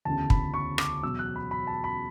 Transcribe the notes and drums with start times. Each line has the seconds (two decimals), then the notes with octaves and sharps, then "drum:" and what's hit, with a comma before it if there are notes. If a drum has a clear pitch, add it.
0.05 E1 D2 C#3 E3 A5
0.30 B5, drum: kick
0.54 C#6
0.78 D6, drum: rim click
1.02 E2 B2 F#3 E6
1.19 F#6
1.36 B5
1.51 B5
1.67 A5
1.84 B5